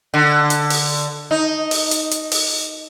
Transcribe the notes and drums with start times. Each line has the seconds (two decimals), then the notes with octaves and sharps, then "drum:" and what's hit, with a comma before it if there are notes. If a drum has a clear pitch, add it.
0.14 D3
0.50 drum: hi-hat
0.70 drum: open hi-hat
1.31 D#4
1.71 drum: open hi-hat
1.91 drum: hi-hat
2.11 drum: hi-hat
2.32 drum: open hi-hat